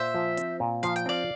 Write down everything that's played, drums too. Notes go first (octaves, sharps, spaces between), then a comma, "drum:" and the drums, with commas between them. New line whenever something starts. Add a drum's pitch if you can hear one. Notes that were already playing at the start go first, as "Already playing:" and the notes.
Already playing: A#2 C5 E5
F3
C4, drum: hi-hat
A#2
F3 F5, drum: hi-hat
G5, drum: hi-hat
C4 D5 F5